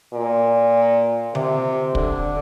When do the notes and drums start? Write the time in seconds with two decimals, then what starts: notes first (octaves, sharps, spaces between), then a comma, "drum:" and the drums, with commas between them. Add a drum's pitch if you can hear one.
0.14 A#2
1.35 C3, drum: tom D3
1.95 D3, drum: kick